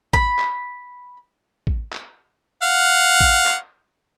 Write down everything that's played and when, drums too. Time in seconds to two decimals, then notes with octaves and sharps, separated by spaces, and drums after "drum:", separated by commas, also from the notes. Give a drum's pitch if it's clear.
0.13 B5, drum: kick A1
0.39 drum: clap
1.67 drum: kick A1
1.93 drum: clap
2.62 F5 F#5
3.21 drum: kick A1
3.46 drum: clap